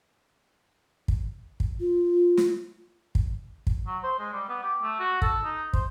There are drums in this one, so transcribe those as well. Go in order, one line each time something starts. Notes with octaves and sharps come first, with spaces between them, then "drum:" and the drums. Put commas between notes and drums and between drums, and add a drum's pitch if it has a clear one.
drum: kick
drum: kick
F4
drum: snare
drum: kick
drum: kick
F#3
C5
G#3
G3
B3
G4
A3
F#4
A4, drum: kick
D#4
C5, drum: kick